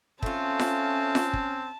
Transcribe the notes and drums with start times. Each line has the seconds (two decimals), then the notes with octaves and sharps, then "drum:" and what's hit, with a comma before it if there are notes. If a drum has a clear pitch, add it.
0.23 A3 C4 C#4 F4 A5, drum: kick
0.59 drum: snare F4
1.15 drum: snare F4
1.33 drum: kick